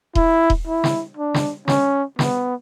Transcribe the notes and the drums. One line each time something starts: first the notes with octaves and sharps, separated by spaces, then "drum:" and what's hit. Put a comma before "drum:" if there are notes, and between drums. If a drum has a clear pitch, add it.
E4, drum: kick D#1
drum: kick D#1
E4
drum: snare
D4
drum: snare
C#4, drum: snare
B3, drum: snare